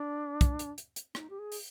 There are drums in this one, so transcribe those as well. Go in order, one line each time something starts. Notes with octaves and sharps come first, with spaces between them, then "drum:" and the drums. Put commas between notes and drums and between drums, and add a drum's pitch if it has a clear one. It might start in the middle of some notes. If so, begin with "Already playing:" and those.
Already playing: D4
drum: kick, hi-hat
drum: hi-hat
drum: hi-hat
drum: hi-hat
D#4, drum: rim click
G4
G#4
drum: open hi-hat